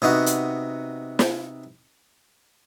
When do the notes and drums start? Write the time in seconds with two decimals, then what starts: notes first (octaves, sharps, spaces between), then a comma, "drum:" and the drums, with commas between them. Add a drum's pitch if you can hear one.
0.02 C3 B3 D#4 F#4
0.26 drum: hi-hat
1.19 drum: snare